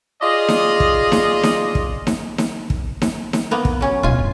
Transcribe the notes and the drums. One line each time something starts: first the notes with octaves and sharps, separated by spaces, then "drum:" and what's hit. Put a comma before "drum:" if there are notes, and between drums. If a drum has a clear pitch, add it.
F4 G#4 D5 D#5
drum: snare D#4
drum: kick
drum: snare D#4
drum: snare D#4
drum: kick
drum: snare D#4
drum: snare D#4
drum: kick
drum: snare D#4
drum: snare D#4
A#3 B3 A#5
drum: kick
F#3 C#4
D1 B2 F4 G#5
F#2